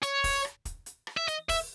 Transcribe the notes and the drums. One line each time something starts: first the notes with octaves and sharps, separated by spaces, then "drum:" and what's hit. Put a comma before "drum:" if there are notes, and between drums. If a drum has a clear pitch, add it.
C#5, drum: hi-hat
drum: kick, open hi-hat
drum: rim click
drum: kick, hi-hat
drum: hi-hat
drum: rim click
E5
D#5, drum: hi-hat
E5, drum: kick, open hi-hat